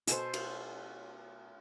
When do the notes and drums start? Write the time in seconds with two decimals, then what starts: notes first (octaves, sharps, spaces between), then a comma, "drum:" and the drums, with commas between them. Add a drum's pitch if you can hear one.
0.07 B2 A4 C5 G#5, drum: hi-hat
0.34 drum: cymbal